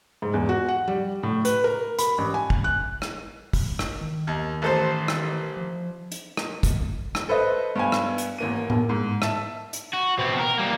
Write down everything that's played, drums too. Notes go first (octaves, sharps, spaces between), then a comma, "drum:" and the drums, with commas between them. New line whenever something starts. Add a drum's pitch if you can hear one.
G#2
E2
F#4
F#5
G3
A2
B4, drum: hi-hat
A#4
B5, drum: hi-hat
A1
G#5
drum: kick
F#6
drum: rim click
drum: kick, open hi-hat
drum: rim click
D#3
D#2
A1 A4 C5
drum: rim click
F3
drum: hi-hat
drum: rim click
drum: kick, hi-hat
drum: rim click
A4 B4 C5 D#5
G2 B3 G#5
drum: rim click
drum: hi-hat
A1 A#3 D#7
drum: tom
G#2
E5 A5, drum: rim click
drum: hi-hat
F#4
B2 C4
A#4
G3 A#3